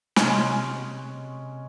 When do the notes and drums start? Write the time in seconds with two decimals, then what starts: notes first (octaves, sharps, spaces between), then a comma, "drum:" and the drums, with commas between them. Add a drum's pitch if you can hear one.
0.16 C3 G#3 C#4 C#6 F#6, drum: snare